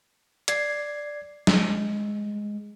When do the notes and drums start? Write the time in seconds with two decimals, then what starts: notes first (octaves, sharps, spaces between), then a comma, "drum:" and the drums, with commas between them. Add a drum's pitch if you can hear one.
0.48 D5 G#6 C7, drum: hi-hat
1.47 G#3, drum: snare